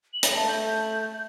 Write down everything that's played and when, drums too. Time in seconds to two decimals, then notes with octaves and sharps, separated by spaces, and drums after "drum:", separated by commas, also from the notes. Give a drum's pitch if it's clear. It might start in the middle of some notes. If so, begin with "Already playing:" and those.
0.13 F#7
0.23 drum: hi-hat
0.34 A3 A5
0.49 G6